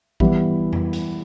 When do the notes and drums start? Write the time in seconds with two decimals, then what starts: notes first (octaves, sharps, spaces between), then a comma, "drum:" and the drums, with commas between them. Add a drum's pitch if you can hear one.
0.20 E3 G3 B3 E4, drum: kick A#1
0.73 drum: tom F2
0.93 drum: hi-hat